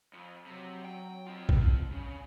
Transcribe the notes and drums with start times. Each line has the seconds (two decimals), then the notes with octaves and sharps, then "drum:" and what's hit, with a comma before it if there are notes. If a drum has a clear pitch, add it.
0.13 F2
0.46 C3 F#3
0.85 G5
1.27 C4 F4
1.49 drum: kick A1
1.92 C#3 C#4